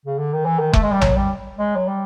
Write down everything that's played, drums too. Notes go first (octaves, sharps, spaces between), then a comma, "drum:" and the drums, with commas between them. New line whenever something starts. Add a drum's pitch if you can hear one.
C#3
D3
D#3
E3
D#3
A3, drum: kick F1
G#3
G3
F#3, drum: tom A#1
G3
G#3
F#3
G3